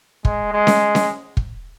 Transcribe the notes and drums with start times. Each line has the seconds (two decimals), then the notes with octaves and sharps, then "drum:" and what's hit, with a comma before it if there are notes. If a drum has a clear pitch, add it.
0.25 G#3, drum: kick
0.52 G#3
0.67 drum: snare C#4
0.95 drum: snare C#4
1.37 drum: kick